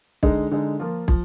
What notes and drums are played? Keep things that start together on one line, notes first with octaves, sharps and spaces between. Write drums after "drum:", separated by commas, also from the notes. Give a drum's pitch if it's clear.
D3 G#3 D#4, drum: kick
D3 G#3 D#4
F3 A#3 F4
F3, drum: kick